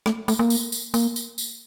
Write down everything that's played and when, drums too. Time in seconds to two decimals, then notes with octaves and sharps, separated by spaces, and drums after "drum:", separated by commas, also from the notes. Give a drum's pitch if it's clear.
0.06 A3, drum: rim click
0.28 A3, drum: tambourine
0.39 A#3
0.50 drum: tambourine
0.72 drum: tambourine
0.94 A#3, drum: tambourine
1.16 drum: tambourine
1.38 drum: tambourine